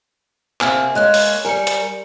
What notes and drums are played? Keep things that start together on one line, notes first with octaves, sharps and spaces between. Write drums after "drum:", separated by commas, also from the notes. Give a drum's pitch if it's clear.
C3 A#3 C4 G#5 F6, drum: clap
G#3 A#3 C#4 D#5 F#6
drum: open hi-hat
G3 A#4 G#5 C#7
drum: hi-hat